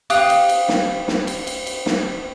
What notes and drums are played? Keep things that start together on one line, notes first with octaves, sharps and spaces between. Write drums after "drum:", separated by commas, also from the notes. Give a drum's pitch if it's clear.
G4 F5 D#6 F#6, drum: cymbal
drum: cymbal
drum: cymbal
drum: snare
drum: snare
drum: cymbal
drum: cymbal
drum: cymbal
drum: snare